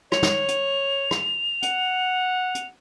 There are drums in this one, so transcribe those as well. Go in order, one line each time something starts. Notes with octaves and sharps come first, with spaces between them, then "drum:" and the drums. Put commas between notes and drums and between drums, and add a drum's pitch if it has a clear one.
C#5 F7, drum: rim click
drum: snare
drum: hi-hat
drum: rim click
F#5, drum: hi-hat
drum: hi-hat